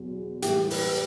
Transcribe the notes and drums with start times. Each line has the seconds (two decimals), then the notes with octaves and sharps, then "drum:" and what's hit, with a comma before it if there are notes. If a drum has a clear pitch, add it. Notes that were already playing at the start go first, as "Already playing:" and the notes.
Already playing: E2 B2 F#3
0.42 A2 E3 G3 G4, drum: hi-hat
0.70 B4, drum: open hi-hat